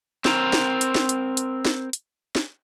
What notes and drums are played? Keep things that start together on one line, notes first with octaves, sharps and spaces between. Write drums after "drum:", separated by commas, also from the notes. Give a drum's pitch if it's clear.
C4 A#4, drum: snare
drum: snare
drum: hi-hat
drum: snare
drum: hi-hat
drum: hi-hat
drum: snare
drum: hi-hat
drum: snare